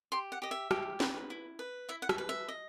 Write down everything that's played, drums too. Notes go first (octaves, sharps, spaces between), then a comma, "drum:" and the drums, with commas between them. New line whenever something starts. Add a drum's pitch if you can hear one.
G4 C6
F#5
G4 D#5
E5
G4, drum: rim click
B4, drum: snare
E4
B4
E4 E5
F#5
E5, drum: rim click
B4
E5
D#5